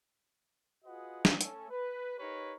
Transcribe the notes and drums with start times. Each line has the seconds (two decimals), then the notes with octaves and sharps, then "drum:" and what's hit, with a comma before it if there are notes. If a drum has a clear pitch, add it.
0.85 F4 F#4 G#4 B4 D#5 F#5
1.25 drum: snare
1.41 A3 C#4 A4, drum: hi-hat
1.70 B4
2.19 D#4 G4 A#4 B4 C#5